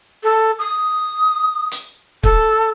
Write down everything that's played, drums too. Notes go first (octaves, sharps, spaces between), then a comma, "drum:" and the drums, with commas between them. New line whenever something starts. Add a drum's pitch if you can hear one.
A4
D#6
drum: hi-hat
A4, drum: kick